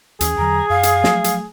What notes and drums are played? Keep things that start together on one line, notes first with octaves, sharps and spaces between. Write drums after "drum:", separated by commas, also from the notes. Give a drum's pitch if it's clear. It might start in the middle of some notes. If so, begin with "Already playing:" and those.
D#2 E3 C#4 G#4, drum: hi-hat
E2 D3 F#3 A#5
F#2 F5
drum: hi-hat
F3 F#3 A3, drum: snare
drum: hi-hat